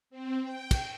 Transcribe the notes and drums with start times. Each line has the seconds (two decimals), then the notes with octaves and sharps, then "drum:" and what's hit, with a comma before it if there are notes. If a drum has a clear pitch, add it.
0.10 C4
0.41 G5
0.71 drum: kick, cymbal